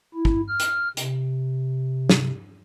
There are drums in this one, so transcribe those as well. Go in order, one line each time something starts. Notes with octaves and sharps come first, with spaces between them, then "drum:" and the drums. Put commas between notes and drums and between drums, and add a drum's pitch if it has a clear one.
E4
drum: kick
F6
drum: hi-hat
C3, drum: hi-hat
drum: snare